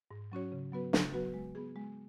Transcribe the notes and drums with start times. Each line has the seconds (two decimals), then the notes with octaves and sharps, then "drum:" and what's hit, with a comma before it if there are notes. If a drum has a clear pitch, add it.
0.11 G#2
0.32 F#3 C#4 F#4 C#5
0.52 C#3
0.72 F#3 B3 F#4 B4
0.93 C#3, drum: snare
1.13 F#3 B3 F#4 B4
1.34 G#3
1.55 B3 G#4
1.76 G#3